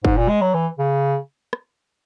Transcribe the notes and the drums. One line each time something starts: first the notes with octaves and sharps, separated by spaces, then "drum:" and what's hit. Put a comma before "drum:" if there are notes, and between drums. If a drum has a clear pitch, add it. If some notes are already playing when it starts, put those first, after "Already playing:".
G#2, drum: kick
A#2
G#3
F#3
E3
C#3
drum: rim click